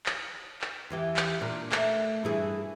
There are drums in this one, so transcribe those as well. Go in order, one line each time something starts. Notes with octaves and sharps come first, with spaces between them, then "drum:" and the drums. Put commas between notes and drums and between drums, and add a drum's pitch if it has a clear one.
drum: clap
drum: clap
E2 E3 G4
drum: clap
A#2 D4 A#4
A3 A#3, drum: clap
G2 E3 G#4